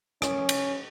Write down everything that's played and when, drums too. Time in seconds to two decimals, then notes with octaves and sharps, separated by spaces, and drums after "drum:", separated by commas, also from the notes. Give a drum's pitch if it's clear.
0.22 C#4, drum: rim click
0.49 drum: cymbal